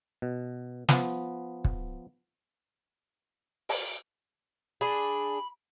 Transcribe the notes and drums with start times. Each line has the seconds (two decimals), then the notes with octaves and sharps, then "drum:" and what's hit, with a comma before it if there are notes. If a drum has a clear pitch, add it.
0.22 B2
0.89 F3 B3, drum: snare
1.65 drum: kick
3.69 drum: open hi-hat
4.81 D4 G#4 B5